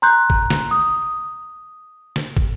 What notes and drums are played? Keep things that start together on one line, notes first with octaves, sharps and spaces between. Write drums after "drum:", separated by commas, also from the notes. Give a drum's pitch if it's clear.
A#5 C6 F#6 G6
drum: kick
drum: snare
D#6
drum: snare
drum: kick